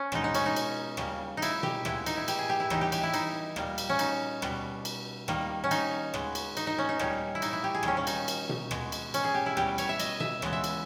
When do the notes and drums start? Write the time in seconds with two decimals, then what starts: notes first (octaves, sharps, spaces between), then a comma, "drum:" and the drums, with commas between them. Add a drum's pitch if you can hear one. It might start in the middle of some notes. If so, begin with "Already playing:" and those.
Already playing: C#4
0.12 B2 G#3 B3 D#4, drum: rim click
0.24 D#4
0.35 C#4, drum: cymbal
0.46 D#4
0.56 drum: cymbal
0.97 C#3 G3 A#3, drum: rim click
1.37 D#4
1.42 E4, drum: cymbal
1.63 G4, drum: tom B2
1.85 A#2 G#3 B3 E4, drum: rim click
2.06 D#4, drum: cymbal
2.17 E4
2.28 G4, drum: cymbal
2.39 G#4
2.50 G4
2.60 E4
2.70 C#3 E3 G3 B3 D#4, drum: rim click
2.81 G4
2.92 G4, drum: cymbal
3.03 E4
3.14 D#4, drum: cymbal
3.56 A#2 G3 A#3, drum: rim click
3.78 drum: cymbal
3.89 C#4
3.99 D#4, drum: cymbal
4.42 B2 G3 B3, drum: rim click
4.85 drum: cymbal
5.28 D#3 G3 A#3, drum: rim click
5.64 C#4
5.71 D#4, drum: cymbal
6.14 C#3 G#3 B3, drum: rim click
6.35 drum: cymbal
6.57 D#4, drum: cymbal
6.67 D#4
6.78 C#4
6.89 D#4
6.99 A#2 G3 A#3 C#4, drum: rim click
7.35 E4
7.42 D#4, drum: cymbal
7.53 E4
7.64 G4
7.75 G#4
7.83 D#3 G3 A#3 C#4, drum: rim click
7.97 C#4
8.07 D#4, drum: cymbal
8.28 drum: cymbal
8.49 drum: tom B2
8.71 B2 G#3 B3, drum: rim click
8.92 drum: cymbal
9.14 C#4, drum: cymbal
9.24 G#4
9.35 G4
9.46 E4
9.57 B2 G3 B3 G4, drum: rim click
9.78 C#5, drum: cymbal
9.89 E5
10.00 D#5, drum: cymbal
10.20 E5, drum: tom B2
10.42 C#3 E3 G#3 B3, drum: rim click
10.53 E5
10.64 drum: cymbal